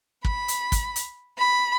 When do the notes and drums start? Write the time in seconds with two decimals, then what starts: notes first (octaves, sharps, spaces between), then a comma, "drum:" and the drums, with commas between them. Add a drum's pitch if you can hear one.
0.25 B5, drum: kick
0.48 drum: hi-hat
0.72 drum: kick, hi-hat
0.96 drum: hi-hat
1.38 B5